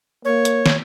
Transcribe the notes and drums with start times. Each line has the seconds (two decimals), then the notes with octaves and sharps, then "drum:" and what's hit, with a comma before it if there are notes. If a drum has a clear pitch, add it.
0.25 A#3 C#5
0.45 drum: hi-hat
0.66 drum: snare